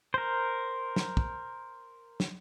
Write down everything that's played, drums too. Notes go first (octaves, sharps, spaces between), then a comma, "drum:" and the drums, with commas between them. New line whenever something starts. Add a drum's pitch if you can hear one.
A#4 C5
drum: snare
drum: kick
drum: snare